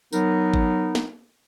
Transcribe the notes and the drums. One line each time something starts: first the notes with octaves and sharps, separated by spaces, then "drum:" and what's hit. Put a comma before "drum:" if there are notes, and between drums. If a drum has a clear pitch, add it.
F#3 B3 D#4 A#4, drum: tambourine
drum: kick G#1
drum: snare